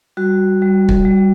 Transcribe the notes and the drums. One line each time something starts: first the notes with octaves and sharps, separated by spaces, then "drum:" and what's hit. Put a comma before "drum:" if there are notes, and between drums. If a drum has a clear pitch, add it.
G3 F#4
G3
drum: kick
G3